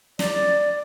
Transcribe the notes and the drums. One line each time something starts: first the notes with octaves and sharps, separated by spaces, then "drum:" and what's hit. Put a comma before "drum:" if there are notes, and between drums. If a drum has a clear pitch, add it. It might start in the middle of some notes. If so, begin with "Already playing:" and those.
D5, drum: snare